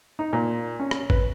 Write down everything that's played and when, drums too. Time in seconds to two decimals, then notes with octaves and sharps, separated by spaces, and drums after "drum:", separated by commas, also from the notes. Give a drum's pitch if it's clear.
0.19 D#4
0.33 A#2
0.80 C#4
0.91 drum: rim click
1.10 B4, drum: kick